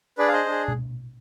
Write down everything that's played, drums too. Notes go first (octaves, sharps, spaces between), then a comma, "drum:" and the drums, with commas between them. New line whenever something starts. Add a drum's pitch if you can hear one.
D4 G#4 B4 D5
F5
C5 D#5
D4 G#4
drum: tom B2